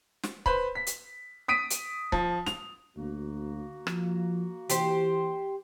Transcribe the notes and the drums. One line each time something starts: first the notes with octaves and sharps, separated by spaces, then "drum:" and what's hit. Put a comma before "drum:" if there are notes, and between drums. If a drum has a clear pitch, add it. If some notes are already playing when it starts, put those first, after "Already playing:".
drum: snare
B4 C5 B5, drum: kick C#1
B6
drum: hi-hat
D#6 B6 D7 D#7
drum: hi-hat
F3, drum: kick C#1
F7, drum: snare
D2 A#3 F#4
F3, drum: rim click
E3 G4 C5, drum: hi-hat